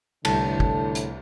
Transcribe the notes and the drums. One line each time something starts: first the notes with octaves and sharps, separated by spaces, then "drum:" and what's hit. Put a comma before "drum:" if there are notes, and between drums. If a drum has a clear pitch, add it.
C2 A2 D3 A5, drum: cymbal
drum: kick
drum: hi-hat